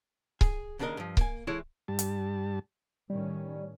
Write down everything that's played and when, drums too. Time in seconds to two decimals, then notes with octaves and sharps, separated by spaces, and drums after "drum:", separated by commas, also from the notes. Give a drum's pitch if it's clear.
0.41 G#4, drum: kick C#1
0.79 D#2 C#3 D4 E4 A#4 D#5
0.97 G2 F3
1.17 A#3 G#5, drum: kick C#1
1.47 E3 G#3 A3 E4 C#5
1.88 G2 G3 A5
1.99 drum: hi-hat
3.10 A2 D#3 G3 C#4